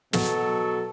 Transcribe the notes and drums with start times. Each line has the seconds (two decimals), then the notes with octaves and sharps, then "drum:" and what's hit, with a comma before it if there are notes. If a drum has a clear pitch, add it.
0.13 B2 F#3 A4, drum: snare